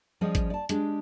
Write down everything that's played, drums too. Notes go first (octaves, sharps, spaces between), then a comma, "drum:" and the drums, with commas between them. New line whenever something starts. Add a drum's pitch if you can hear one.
F3 G3 C#4 G#4 D5 D#5
drum: kick G#1, hi-hat
D5 A5
G#3 D4 G4 G#4, drum: hi-hat